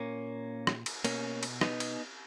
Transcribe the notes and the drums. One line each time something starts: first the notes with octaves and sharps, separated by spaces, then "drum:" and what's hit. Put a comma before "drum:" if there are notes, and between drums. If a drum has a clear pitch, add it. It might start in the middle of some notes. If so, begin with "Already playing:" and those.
Already playing: A#2 A#3 C#4
drum: rim click
drum: cymbal
B2 A#3 C#4, drum: cymbal
drum: cymbal
B3 D#4, drum: rim click
drum: cymbal